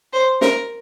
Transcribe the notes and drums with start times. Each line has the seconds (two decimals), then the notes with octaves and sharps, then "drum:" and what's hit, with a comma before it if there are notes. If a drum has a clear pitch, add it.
0.13 C5
0.41 A#4, drum: snare